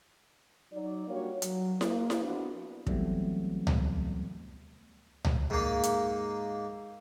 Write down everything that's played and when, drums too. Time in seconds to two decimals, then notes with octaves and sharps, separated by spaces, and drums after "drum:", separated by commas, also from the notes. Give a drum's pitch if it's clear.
0.73 F#3 D#4 D5
1.08 G3 A#3 D4 F4 F#4 C#5
1.42 F#3, drum: hi-hat
1.81 A#3, drum: snare E4
2.10 drum: snare E4
2.22 F3 B3 C4 D4 E4 F#4
2.87 E3 F#3 G3 A3 B3 C4, drum: kick
3.67 drum: tom C#2
5.25 drum: tom C#2
5.50 G#2 A#3
5.83 drum: hi-hat